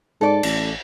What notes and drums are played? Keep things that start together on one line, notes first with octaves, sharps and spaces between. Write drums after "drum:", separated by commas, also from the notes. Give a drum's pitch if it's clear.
G#2 A4 D5
A1, drum: cymbal